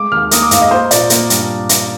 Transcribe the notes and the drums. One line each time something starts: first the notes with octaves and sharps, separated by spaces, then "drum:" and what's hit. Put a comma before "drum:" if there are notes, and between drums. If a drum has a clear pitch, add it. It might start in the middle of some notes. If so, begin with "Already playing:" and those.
Already playing: G#3 D6
D#2 F6
A#3 D#6, drum: hi-hat
D6
G#2 F5, drum: hi-hat
D#5
A#3 C5
A#2 D5, drum: hi-hat
A#3, drum: hi-hat
G2, drum: hi-hat
drum: hi-hat